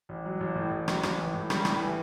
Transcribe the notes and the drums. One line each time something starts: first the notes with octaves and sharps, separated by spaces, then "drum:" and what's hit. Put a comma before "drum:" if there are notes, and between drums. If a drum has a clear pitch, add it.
A1
F#3
A1
A2
A1
F#3, drum: rim click
A1, drum: rim click
E3
A2
G3, drum: rim click
A2, drum: rim click
E3